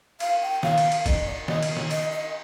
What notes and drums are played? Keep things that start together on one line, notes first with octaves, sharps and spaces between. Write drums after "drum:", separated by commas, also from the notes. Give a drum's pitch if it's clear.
F5, drum: cymbal
G5
F5, drum: snare D#3
drum: cymbal
drum: cymbal
D#5, drum: kick, cymbal
D5
D#5, drum: snare D#3
drum: cymbal
drum: snare D#3
D#5, drum: cymbal
D#5